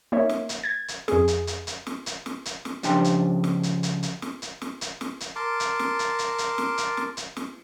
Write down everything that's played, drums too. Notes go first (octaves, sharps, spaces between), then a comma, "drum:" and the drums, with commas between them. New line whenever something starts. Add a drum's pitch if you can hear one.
A#3 D#4 C#5 E5
drum: snare
drum: hi-hat
G#6 A6
drum: hi-hat
F2 G#4, drum: snare
drum: hi-hat
drum: hi-hat
drum: hi-hat
drum: snare
drum: hi-hat
drum: snare
drum: hi-hat
drum: snare
C#2 F3 D4 G4 G5 C6, drum: hi-hat
drum: hi-hat
drum: snare
drum: hi-hat
drum: hi-hat
drum: hi-hat
drum: snare
drum: hi-hat
drum: snare
drum: hi-hat
drum: snare
drum: hi-hat
A#4 A5 C6 D6
drum: hi-hat
drum: snare
drum: hi-hat
drum: hi-hat
drum: hi-hat
drum: snare
drum: hi-hat
drum: snare
drum: hi-hat
drum: snare